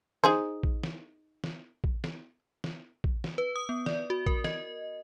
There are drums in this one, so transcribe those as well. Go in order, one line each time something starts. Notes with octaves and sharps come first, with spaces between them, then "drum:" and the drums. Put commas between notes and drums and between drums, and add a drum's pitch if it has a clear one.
D#4 G#4 C5, drum: snare
drum: kick A#1
drum: snare
drum: snare
drum: kick A#1
drum: snare
drum: snare
drum: kick A#1
drum: snare
B4
D#6
B3
D5, drum: snare
F#4
A#4, drum: kick A#1
D#5, drum: snare